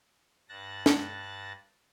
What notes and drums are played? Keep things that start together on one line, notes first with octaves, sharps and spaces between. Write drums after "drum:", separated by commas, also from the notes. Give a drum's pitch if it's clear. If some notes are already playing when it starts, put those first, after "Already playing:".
G2 A5 F#6 A6 A#6
drum: snare